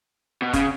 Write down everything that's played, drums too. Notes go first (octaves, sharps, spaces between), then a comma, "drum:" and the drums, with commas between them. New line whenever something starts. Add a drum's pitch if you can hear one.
B2
C#3, drum: kick, hi-hat